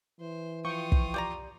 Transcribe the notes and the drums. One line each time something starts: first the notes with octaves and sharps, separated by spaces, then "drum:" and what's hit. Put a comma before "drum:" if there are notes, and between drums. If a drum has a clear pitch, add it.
E3 C5
F3 F4 G5 C#6 D#6
drum: kick
G4 D5 A#5